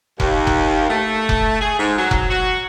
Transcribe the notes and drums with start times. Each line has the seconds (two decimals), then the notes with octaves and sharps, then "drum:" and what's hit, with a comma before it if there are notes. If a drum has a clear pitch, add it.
0.20 D#2, drum: kick F1
0.47 drum: kick F1
0.90 A3
1.29 drum: kick F1
1.61 G#4
1.79 G#2
1.98 F#3
2.11 drum: kick F1
2.30 F#4